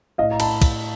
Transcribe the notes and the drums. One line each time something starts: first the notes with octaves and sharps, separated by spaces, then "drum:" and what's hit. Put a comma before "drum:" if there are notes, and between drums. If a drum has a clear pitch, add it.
A2 D#5 F5
A#5
A5 B5, drum: cymbal
drum: kick, cymbal